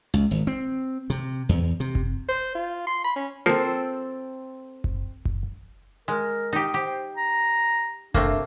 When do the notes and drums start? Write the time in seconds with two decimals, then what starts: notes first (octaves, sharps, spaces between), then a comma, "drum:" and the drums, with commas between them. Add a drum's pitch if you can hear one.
0.14 C#2
0.31 G#1
0.47 C4
1.10 C3
1.49 E2
1.80 C3
1.95 drum: kick F#1
2.29 C5
2.55 F4
2.87 C6
3.04 B5
3.16 C#4
3.46 F3 A#3 C4 A4
4.84 drum: kick F#1
5.25 drum: kick F#1
6.08 G#3 A#4
6.53 D#4 G4
6.74 G4 C5
7.17 A#5
8.14 C3 A3 A#3 D4, drum: kick F#1